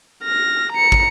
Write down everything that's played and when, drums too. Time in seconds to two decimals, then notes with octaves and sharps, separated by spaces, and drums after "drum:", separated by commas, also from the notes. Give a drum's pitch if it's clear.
0.23 F6 A#6
0.72 A#5 C#7
0.92 drum: kick